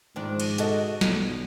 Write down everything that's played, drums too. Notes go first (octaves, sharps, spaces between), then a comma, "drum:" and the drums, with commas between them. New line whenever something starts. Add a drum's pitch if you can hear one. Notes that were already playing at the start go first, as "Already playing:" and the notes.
G#2 D#3 F3 D4
drum: cymbal
F#4 A4 D#5, drum: hi-hat
B1 G2, drum: snare